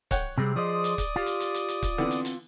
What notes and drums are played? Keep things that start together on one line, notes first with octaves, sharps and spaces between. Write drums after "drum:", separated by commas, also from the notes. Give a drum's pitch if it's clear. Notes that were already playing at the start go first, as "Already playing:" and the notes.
C#5 F#5 G5, drum: kick C#1, hi-hat
C3 G3 C4 G#4
F3 G#4 C5 D5 D#5 D#6
drum: hi-hat
drum: kick C#1, hi-hat
F4 G4
drum: hi-hat
drum: hi-hat
drum: hi-hat
drum: hi-hat
drum: kick C#1, hi-hat
D3 E3 B3 C4
drum: hi-hat
drum: hi-hat